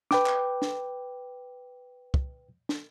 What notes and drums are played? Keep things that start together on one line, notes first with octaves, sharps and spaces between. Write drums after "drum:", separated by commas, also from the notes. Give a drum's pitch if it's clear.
B4 G5 D6, drum: snare
drum: clap
drum: snare
drum: kick
drum: snare